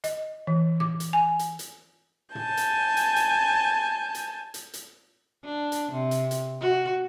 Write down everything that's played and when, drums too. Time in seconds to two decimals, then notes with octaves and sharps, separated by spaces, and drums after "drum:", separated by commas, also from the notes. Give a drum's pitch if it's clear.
0.04 D#5, drum: hi-hat
0.47 E3
0.80 D6, drum: tom
1.00 drum: hi-hat
1.13 G#5
1.39 drum: hi-hat
1.59 drum: hi-hat
2.35 G#5 A5 G6, drum: tom
2.57 drum: hi-hat
2.97 drum: hi-hat
3.16 drum: hi-hat
4.15 drum: hi-hat
4.54 drum: hi-hat
4.74 drum: hi-hat
5.44 D4
5.72 drum: hi-hat
5.91 C3
6.11 drum: hi-hat
6.31 drum: hi-hat
6.60 F#4